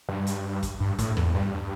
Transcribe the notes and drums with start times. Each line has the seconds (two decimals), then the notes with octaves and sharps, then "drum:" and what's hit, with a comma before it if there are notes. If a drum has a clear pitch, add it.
0.09 G2
0.27 drum: hi-hat
0.63 drum: kick, hi-hat
0.80 G2
0.98 A2, drum: kick, hi-hat
1.17 E2, drum: rim click
1.35 G2